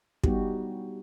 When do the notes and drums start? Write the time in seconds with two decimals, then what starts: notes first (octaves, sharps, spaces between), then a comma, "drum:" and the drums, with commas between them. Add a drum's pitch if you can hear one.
0.24 G3 B3 D#4 F#4 G4, drum: kick